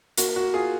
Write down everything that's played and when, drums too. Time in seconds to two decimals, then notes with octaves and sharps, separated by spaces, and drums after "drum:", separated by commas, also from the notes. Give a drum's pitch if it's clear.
0.18 A#3 F#4, drum: hi-hat
0.36 F#4
0.42 A#3
0.54 F4 G#4